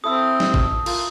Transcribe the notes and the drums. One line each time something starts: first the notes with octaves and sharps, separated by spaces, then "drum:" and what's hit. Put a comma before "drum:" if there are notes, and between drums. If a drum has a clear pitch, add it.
C4 E4 A4 D#6 E6
drum: snare
drum: kick G#1
F4 A#4, drum: cymbal